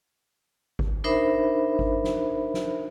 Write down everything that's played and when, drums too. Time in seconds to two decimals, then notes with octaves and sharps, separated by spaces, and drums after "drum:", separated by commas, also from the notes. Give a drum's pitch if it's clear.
0.79 drum: kick G#1
1.04 D4 D#4 A#4 C5 E5 B5
1.79 drum: kick G#1
2.04 drum: snare
2.54 drum: snare